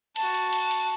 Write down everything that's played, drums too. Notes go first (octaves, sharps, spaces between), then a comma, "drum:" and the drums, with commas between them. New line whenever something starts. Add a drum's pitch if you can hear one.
F#4 A5, drum: cymbal
drum: cymbal
drum: cymbal
drum: cymbal